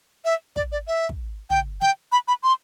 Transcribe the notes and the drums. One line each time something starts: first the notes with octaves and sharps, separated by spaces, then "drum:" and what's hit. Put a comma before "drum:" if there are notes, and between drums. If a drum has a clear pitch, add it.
E5
D5, drum: kick
D5
E5
drum: kick
G5, drum: tom
G5, drum: snare
B5
B5
C6